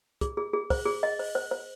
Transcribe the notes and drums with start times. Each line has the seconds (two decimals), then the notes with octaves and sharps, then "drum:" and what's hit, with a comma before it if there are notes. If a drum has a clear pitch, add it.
0.21 G#4, drum: kick, hi-hat
0.37 G#4
0.53 G#4
0.70 C5, drum: kick, open hi-hat
0.86 G#4
1.03 D#5
1.19 C5, drum: open hi-hat
1.35 C5
1.51 C5